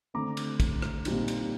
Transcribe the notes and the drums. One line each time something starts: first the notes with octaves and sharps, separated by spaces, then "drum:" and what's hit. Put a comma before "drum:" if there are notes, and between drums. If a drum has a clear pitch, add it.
D3 A3 C4 A#5 D6
drum: cymbal
drum: kick, cymbal
drum: rim click
A#2 G3 C4 D#4, drum: cymbal
drum: cymbal